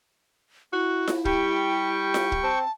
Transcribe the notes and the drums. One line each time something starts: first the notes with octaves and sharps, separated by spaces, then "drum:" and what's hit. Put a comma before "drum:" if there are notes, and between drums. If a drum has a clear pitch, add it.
E4 F#4
drum: snare F4
G3 G4 G5 C#6, drum: kick
drum: snare F4
drum: kick
C4 A5